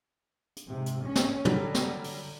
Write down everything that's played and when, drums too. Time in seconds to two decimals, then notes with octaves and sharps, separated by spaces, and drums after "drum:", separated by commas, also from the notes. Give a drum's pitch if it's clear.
0.57 drum: hi-hat
0.67 G#2 C3
0.86 drum: hi-hat
1.05 C#4
1.16 drum: snare
1.45 D3 F#3 G3, drum: tom
1.74 drum: snare
2.04 drum: open hi-hat